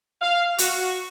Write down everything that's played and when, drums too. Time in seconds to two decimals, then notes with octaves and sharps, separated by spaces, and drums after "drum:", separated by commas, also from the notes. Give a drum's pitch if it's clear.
0.22 F5
0.58 F#4, drum: hi-hat